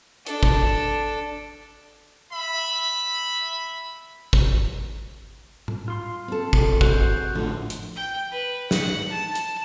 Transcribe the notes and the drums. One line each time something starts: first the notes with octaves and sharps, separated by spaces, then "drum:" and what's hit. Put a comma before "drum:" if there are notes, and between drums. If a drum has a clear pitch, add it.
D4 A4, drum: hi-hat
drum: kick G#1
E5 B5
drum: kick G#1
drum: tom A2
F4 C6
C4 A4
drum: kick G#1
F#4 G#4 C5, drum: kick G#1
A2 D3 F3
drum: hi-hat
G5
B4
F#5, drum: snare
A5
drum: hi-hat